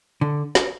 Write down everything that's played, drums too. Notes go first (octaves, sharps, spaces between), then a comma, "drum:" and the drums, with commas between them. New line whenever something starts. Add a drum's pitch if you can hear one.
D3
drum: snare